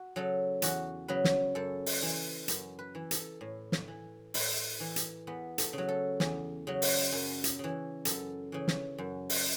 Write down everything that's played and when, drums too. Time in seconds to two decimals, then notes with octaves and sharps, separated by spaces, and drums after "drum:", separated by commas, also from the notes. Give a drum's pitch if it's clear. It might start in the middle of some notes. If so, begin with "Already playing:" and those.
Already playing: F#4
0.16 C#3 F#3 A4
0.62 E2 F#4, drum: hi-hat
1.08 C#3 F#3 B4
1.24 drum: snare
1.55 F#2 A4
1.86 drum: open hi-hat
2.02 E3
2.48 F#2, drum: hi-hat
2.79 B4
2.95 E3
3.11 A4, drum: hi-hat
3.41 A2
3.72 drum: snare
3.88 E3
4.34 A2 E4, drum: open hi-hat
4.80 E3
4.96 drum: hi-hat
5.27 E2 B3
5.58 A3, drum: hi-hat
5.73 C#3 F#3
5.89 A4
6.20 E2, drum: snare
6.67 C#3 F#3
6.82 drum: open hi-hat
7.12 F#2
7.44 drum: hi-hat
7.59 C#3 E3
8.05 F#2 A4, drum: hi-hat
8.52 C#3 E3
8.68 drum: snare
8.98 F#2
9.30 drum: open hi-hat